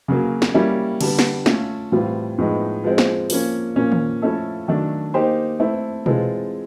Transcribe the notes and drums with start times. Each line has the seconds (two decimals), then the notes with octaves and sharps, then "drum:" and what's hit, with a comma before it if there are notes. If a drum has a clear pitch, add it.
0.08 C#3 F#3 A#3
0.42 drum: snare
0.54 G3 A#3 C#4 E4
1.01 D3 G3 B3, drum: cymbal
1.19 drum: snare
1.46 A3 C#4 F4, drum: snare
1.92 A2 E3 G3 C4 F4
2.38 A2 F3 G#3 B3 D#4
2.84 F3 G#3 C4
2.98 drum: snare
3.30 F3 A#3 C#4, drum: open hi-hat
3.76 A#2 F3 A#3 C#4
3.92 drum: tom D#3
4.22 F3 A3 C#4 E4 A4
4.68 D#3 F#3 A3 D4
5.14 A#3 D#4 G4 C5
5.60 A3 C4 E4
6.06 E3 G#3 C4 F4 A4, drum: tom B2